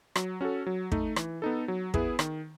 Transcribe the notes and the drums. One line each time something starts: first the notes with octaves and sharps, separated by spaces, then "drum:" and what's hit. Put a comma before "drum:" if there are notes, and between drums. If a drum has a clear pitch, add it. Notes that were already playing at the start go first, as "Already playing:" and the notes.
F#3, drum: rim click
C#4 F#4 A4
F#3
A3 D#4, drum: kick
E3, drum: rim click
B3 D#4 A4
F#3
B3 E4 G#4 B4, drum: kick
D#3, drum: rim click